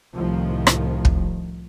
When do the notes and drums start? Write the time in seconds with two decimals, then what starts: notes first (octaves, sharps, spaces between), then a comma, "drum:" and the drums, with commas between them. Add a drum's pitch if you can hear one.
0.14 C2 A2 D#3 F3
0.67 drum: rim click
1.05 drum: kick